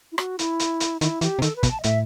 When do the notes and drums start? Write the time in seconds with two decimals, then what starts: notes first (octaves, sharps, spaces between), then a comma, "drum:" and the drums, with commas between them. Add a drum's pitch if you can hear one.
0.12 E4
0.18 F#4, drum: rim click
0.39 E4, drum: hi-hat
0.60 drum: hi-hat
0.80 drum: hi-hat
1.01 D#3 E4, drum: hi-hat
1.21 E3 G4, drum: hi-hat
1.39 C3
1.42 D#3 A4, drum: hi-hat
1.56 B4
1.63 B2, drum: kick, hi-hat
1.71 A5
1.80 D#5
1.84 A2 E5, drum: hi-hat